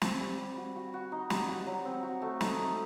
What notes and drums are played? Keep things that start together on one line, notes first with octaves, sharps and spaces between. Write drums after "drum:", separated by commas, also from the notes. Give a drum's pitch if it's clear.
C4, drum: snare
G3
G3
F#4
F#4
F#4
D#4
G3, drum: snare
F#4
F#3
C4
F#4
A3
D#4, drum: snare
A3